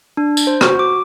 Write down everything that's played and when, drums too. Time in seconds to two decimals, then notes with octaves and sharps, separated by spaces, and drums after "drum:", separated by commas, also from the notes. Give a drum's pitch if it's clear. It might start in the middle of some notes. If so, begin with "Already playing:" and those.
0.17 D4
0.37 drum: tambourine
0.47 C5
0.61 F#4, drum: rim click
0.79 D6